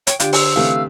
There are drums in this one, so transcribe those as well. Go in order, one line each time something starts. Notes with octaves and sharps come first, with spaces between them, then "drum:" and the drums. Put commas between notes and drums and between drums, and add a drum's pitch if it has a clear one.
C#5 G5, drum: hi-hat
D3 D4 F4 G4 G5, drum: hi-hat
C5 E6, drum: open hi-hat
C3 E3 A3 F5